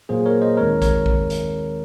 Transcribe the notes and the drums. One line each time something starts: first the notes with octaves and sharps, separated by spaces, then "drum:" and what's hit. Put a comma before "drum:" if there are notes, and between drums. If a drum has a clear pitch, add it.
A#2 F#3 A#3 G#4 C5
A#4 C#5
C5 D#5
D#2 D#3 G#3 C4 A#4 C#5
A#4 C#5, drum: kick A#1, hi-hat
drum: kick A#1
drum: hi-hat